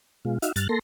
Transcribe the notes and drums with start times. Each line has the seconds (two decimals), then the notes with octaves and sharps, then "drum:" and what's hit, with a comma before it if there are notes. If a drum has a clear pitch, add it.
0.25 B2 G#3 F4
0.42 D#4 F#4 E5 F5, drum: hi-hat
0.56 G2 F6 F#6 A6, drum: hi-hat
0.69 A#3 A4 C6 A#6